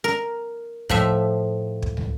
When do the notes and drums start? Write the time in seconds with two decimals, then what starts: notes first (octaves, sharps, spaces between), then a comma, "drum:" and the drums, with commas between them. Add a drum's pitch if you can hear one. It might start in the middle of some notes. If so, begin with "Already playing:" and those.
0.04 A#4
0.89 A2 F3 E5, drum: kick
1.82 drum: kick
1.97 drum: tom